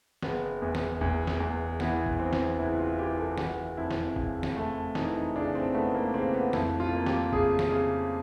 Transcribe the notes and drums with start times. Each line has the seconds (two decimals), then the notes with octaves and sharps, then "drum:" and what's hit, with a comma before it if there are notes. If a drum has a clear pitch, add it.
0.22 F#1 B3, drum: snare
0.62 E2
0.75 drum: snare
1.01 E2, drum: kick
1.27 drum: snare
1.40 E2
1.80 E3 B3, drum: snare
2.06 drum: kick
2.20 E3 C4
2.33 drum: snare
2.59 F#1 E4
2.79 F4
2.98 E3 G4
3.18 A4
3.38 E3 F#4, drum: snare
3.77 F2 E4
3.91 drum: snare
4.16 C#3, drum: kick
4.43 drum: snare
4.57 A3
4.95 E3 D#4, drum: snare
5.16 D#4
5.36 C#3 D4
5.55 C4
5.75 A3 B3
5.95 A#3
6.14 C#3 C4
6.34 B3
6.53 F2 E4, drum: snare
6.80 F4
6.93 A#3
7.06 G4, drum: snare
7.33 C#3 G#4, drum: kick
7.59 drum: snare
7.72 C#3